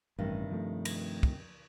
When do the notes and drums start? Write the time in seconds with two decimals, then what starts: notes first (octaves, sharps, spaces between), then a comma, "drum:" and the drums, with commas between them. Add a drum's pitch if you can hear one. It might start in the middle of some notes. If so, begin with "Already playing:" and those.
0.19 A1 G2 C3 D#3
0.51 F3 A3
0.85 drum: cymbal
1.23 drum: kick